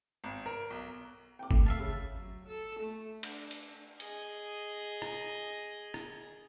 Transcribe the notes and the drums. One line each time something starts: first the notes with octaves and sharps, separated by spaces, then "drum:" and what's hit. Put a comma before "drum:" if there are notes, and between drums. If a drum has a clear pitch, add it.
G#1
A#4
B1
G5 D6
A3, drum: kick G1
E5 F5 A5
C#3
F#3
A4
A3
D4, drum: cymbal
drum: hi-hat
G#4 D#5, drum: hi-hat
drum: rim click
drum: rim click